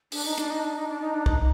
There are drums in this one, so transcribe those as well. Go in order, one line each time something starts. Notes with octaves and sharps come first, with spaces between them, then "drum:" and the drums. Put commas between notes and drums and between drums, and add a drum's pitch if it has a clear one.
D4, drum: open hi-hat
D#4
D4, drum: hi-hat
D#4
D4
D#4
D4
D#4
D4
D#4, drum: kick